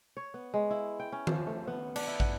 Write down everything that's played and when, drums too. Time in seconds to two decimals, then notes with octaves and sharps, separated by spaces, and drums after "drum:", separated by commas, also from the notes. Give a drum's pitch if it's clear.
0.17 C#5
0.34 B3
0.54 G#3
0.71 E4
1.00 G5
1.12 C#4
1.27 F3, drum: tom D#3
1.47 A3
1.67 B3
1.96 D4, drum: cymbal
2.07 E4
2.20 F#5, drum: kick